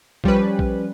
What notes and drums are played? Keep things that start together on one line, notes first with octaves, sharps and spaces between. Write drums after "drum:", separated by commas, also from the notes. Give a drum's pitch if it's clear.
F3 G3 C#4 B4, drum: kick A#1
drum: kick A#1